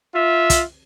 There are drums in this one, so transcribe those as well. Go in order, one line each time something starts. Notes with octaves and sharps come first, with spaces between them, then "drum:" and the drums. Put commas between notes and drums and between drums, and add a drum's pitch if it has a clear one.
F4 E5
drum: kick, hi-hat